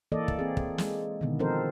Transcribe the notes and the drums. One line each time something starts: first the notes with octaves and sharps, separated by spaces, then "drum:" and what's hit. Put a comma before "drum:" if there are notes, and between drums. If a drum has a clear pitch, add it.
E3 A#3 A4 D5 D#5
drum: kick
C4 G#4
drum: kick
G#3, drum: snare
B2 D3 D#3 B3
F3 C4 D#4 A4 A#4 C5